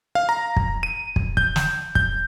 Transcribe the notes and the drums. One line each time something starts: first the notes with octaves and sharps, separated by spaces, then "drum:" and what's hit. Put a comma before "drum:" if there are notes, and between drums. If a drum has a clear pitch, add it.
F5
A#5
drum: kick
D#7
drum: kick
G6, drum: kick
drum: snare
G6, drum: kick